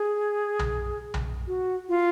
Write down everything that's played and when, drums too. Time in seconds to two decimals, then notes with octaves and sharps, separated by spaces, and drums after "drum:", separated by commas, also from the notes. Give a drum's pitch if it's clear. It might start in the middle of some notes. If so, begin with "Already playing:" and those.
Already playing: G#4
0.59 drum: tom B1
1.14 drum: tom B1
1.47 F#4
1.89 F4